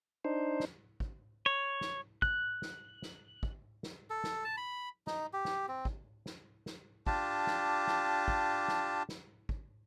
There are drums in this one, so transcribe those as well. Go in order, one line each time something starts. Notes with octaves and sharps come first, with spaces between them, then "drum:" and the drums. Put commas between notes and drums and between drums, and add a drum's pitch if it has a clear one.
D4 D#4 C5
drum: snare
drum: kick
C#5
drum: snare
F#6, drum: kick
drum: snare
drum: snare
drum: kick
drum: snare
A4
drum: snare
A5
B5
D#4, drum: snare
G4
drum: snare
C4
drum: kick
drum: snare
drum: snare
D4 F4 G4 A5, drum: kick
drum: snare
drum: snare
drum: kick
drum: snare
drum: snare
drum: kick